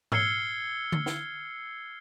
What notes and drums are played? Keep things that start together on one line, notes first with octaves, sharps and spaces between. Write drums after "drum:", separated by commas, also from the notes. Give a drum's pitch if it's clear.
E6 F6 G#6 C7 C#7 G7, drum: tom G#2
drum: tom D3
drum: snare